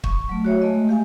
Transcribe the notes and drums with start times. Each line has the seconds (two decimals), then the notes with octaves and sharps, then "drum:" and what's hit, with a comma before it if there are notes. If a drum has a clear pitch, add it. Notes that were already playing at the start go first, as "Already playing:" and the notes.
0.04 C#6, drum: kick
0.29 F#3 A3
0.45 F#4 C#5 E5
0.62 G#3 A3 D#5
0.89 G4 F5 G#5